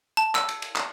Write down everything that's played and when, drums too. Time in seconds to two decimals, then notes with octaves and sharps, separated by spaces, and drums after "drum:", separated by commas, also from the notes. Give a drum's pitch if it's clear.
0.17 A5
0.35 E6, drum: clap
0.49 drum: cymbal
0.62 drum: cymbal
0.76 drum: clap